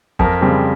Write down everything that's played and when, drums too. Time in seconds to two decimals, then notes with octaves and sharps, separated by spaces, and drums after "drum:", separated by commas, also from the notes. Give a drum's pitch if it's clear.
0.19 F2 A#4, drum: kick
0.41 C#3 G3 C4